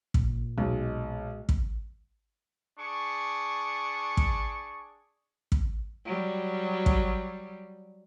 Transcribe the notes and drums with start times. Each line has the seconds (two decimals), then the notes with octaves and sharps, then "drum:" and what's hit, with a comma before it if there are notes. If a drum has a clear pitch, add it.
0.14 A#2, drum: kick
0.58 B1 G#3
1.49 drum: kick
2.79 D4 G#4 C#6
4.17 drum: kick
5.52 drum: kick
6.05 F#3 G3
6.86 drum: kick